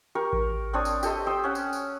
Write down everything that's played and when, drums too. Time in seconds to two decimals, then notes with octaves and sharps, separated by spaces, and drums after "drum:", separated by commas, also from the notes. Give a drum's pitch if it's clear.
0.15 G4 A#4 C#6
0.33 drum: kick A1
0.73 C4 D4 C#5 D#6
0.85 drum: tambourine
1.03 G4 A4 D#5 C6, drum: tambourine
1.27 C5 G5 D#6 E6
1.44 C#4 F#5
1.55 drum: tambourine
1.73 drum: tambourine